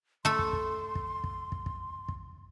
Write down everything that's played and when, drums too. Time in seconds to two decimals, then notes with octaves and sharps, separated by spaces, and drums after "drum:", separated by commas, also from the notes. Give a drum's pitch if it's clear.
0.25 A3 A4 C6
0.39 drum: kick
0.53 drum: kick
0.95 drum: kick
1.24 drum: kick
1.52 drum: kick
1.66 drum: kick
2.08 drum: kick